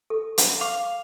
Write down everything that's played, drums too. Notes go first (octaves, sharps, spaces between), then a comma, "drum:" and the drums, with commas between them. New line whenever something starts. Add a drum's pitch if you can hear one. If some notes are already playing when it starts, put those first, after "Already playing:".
A4
drum: hi-hat
F5 D6